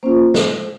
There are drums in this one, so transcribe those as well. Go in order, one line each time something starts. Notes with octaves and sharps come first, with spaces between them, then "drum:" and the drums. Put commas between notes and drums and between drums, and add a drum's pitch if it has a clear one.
A#3 C#4 F4 C5
drum: snare